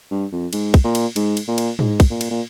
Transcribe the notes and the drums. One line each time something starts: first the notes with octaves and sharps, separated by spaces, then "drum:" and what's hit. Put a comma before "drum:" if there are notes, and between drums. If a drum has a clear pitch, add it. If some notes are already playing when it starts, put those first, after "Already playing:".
G2
F2
G#2, drum: cymbal
drum: kick, cymbal
A#2
drum: cymbal
G#2, drum: cymbal
drum: cymbal
A#2
drum: cymbal
G#2, drum: tom
drum: kick, cymbal
A#2
drum: cymbal
A#2